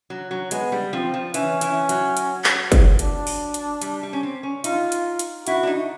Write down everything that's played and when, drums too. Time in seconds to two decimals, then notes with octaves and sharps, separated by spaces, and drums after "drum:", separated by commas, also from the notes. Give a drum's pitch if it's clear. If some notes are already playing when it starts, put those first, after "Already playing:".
0.10 F#3
0.31 F#3
0.51 G#3 B3, drum: hi-hat
0.72 G3
0.93 F3 C4
1.14 F3
1.34 E3 C#4, drum: hi-hat
1.61 E3, drum: hi-hat
1.89 F#3, drum: hi-hat
2.17 drum: hi-hat
2.44 drum: clap
2.72 drum: kick, hi-hat
2.99 D4, drum: hi-hat
3.27 drum: open hi-hat
3.54 drum: hi-hat
3.82 G3, drum: hi-hat
4.03 G3
4.13 C#4
4.23 C4
4.43 C#4
4.64 D#4 F4, drum: hi-hat
4.92 drum: hi-hat
5.19 drum: hi-hat
5.47 E4 F#4, drum: hi-hat
5.63 D4
5.67 D#4